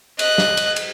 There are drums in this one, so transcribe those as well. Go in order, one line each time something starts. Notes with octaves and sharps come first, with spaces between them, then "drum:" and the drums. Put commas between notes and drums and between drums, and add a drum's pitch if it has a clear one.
D#5 F#6, drum: cymbal
drum: snare
drum: cymbal
drum: cymbal